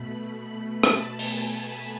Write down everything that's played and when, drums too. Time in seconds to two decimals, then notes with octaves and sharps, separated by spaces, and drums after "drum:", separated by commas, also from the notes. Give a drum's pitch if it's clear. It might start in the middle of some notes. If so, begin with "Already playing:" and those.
Already playing: B2 A3 B5
0.83 A5, drum: rim click
1.19 G#5, drum: open hi-hat